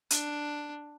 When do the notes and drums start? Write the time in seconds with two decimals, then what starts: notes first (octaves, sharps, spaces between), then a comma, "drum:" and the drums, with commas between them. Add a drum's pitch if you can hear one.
0.10 D4, drum: hi-hat